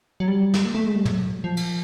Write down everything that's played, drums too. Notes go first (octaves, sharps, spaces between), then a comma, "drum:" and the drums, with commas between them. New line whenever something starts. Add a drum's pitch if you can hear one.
F#3
G3
drum: snare
A#3
A3
G#3
G3
F#3, drum: tom
F3
drum: cymbal